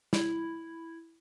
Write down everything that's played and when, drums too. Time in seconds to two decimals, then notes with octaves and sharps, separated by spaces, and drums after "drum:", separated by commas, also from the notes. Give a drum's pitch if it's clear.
0.13 E4, drum: snare